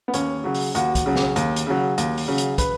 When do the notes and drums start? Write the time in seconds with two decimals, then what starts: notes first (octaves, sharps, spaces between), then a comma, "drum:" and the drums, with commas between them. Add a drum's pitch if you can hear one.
0.08 B3
0.14 D#2 C#4, drum: hi-hat
0.44 C#3 F#3
0.54 drum: open hi-hat
0.75 D#2 F#4, drum: hi-hat
0.95 drum: kick, hi-hat
1.06 C#3 F#3
1.16 drum: snare
1.36 D#2, drum: hi-hat
1.56 drum: hi-hat
1.67 C#3 F#3
1.98 D#2, drum: hi-hat
2.18 drum: open hi-hat
2.28 C#3 F#3
2.38 drum: hi-hat
2.58 B4, drum: kick, hi-hat